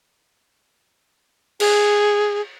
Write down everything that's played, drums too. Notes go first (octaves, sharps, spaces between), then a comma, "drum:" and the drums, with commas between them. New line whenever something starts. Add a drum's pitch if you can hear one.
G#4, drum: cymbal